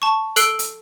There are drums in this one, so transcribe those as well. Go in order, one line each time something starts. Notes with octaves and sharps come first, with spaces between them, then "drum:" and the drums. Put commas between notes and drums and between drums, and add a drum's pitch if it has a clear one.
A5 C#6
A4 E6 F#6 C7 D7 G7, drum: hi-hat
drum: hi-hat